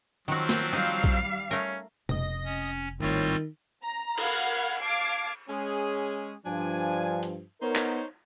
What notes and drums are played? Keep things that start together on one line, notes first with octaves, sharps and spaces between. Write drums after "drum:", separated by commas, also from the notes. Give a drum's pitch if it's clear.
D#3 F3 F#3 C4 F#4
drum: snare
G3 D#4 F5
drum: kick A#1
A3 C#4 A#4
F1 D#5 A#6, drum: tom B2
C#4
G#1 A2 D#3 G3 C4 F4 C#5
A#5
A#4 F5 F#5 B5 F6 G#6, drum: cymbal
F5 A5 D6 G#6 C7 D7
G#3 C#4 G#4
G2 F3 D4 G#5
drum: hi-hat
B3 D#4 A#4 C5 C#5
drum: clap